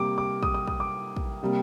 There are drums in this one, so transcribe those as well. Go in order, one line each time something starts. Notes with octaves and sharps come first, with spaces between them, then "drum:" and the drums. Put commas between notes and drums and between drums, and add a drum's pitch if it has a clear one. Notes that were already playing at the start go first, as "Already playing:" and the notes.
Already playing: C3 G3 A#3 D6
D6
D#6, drum: kick
D#6
D#6, drum: kick
D6
drum: kick
C3 G3 A#3